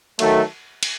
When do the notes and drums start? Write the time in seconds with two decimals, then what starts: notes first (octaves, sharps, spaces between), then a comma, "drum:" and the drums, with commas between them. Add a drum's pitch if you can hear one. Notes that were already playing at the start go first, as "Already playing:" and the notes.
0.19 D#3 F#3 A3, drum: cymbal
0.83 drum: cymbal